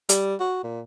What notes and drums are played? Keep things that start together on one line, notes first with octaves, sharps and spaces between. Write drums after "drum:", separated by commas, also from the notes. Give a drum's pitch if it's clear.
G3, drum: hi-hat
F#4
A#2